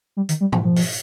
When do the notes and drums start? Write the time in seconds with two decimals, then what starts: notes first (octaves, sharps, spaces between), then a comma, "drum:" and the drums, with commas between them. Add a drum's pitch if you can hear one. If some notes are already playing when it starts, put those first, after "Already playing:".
0.17 G3
0.29 D#3, drum: hi-hat
0.41 G3
0.52 F3, drum: tom G#2
0.64 F3
0.76 drum: open hi-hat